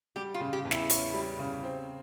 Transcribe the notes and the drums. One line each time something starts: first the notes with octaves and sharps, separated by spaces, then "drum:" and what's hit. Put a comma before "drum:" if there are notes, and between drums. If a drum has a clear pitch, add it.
G3 G4
F4
C#3
G4
E2
E4, drum: snare
C#4, drum: hi-hat
G3
C#3
C4